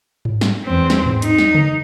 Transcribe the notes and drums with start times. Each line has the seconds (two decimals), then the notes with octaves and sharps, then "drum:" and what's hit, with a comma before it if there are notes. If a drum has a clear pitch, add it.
0.25 drum: tom G#2
0.41 drum: snare
0.65 E2 C4
0.90 drum: snare
1.06 drum: tom G#2
1.22 D#4, drum: hi-hat
1.38 drum: snare
1.55 drum: tom C#3